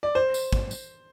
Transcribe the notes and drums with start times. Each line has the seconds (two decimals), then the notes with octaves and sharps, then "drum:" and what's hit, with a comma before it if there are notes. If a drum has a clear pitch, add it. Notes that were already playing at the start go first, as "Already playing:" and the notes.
0.03 D5
0.15 C5
0.34 drum: tambourine
0.53 drum: kick
0.71 drum: tambourine